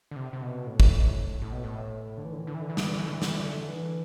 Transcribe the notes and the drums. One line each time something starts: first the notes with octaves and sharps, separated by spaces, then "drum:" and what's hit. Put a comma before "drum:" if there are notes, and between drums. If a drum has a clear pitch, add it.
D3
C3
C3
B2
A2
drum: kick
A2
B2
A2
D3
E3
D3
E3
D3
E3
D3
E3
D3, drum: snare
E3
D3
E3
D3
E3
D3, drum: snare
E3
D3
E3